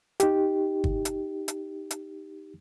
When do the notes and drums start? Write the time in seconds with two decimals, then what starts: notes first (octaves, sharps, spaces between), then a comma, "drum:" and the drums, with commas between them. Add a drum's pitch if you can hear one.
0.20 D#4 G4, drum: hi-hat
0.84 drum: kick G1
1.05 drum: hi-hat
1.48 drum: hi-hat
1.91 drum: hi-hat